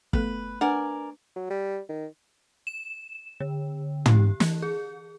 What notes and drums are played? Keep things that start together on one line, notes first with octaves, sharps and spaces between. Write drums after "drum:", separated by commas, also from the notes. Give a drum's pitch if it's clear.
A3 B3 A4 B4, drum: kick
D4 A#4 B4 D5 F#5 G#5
F#3
G3
D#3
E7
D3
G4, drum: tom
E3, drum: snare
G#4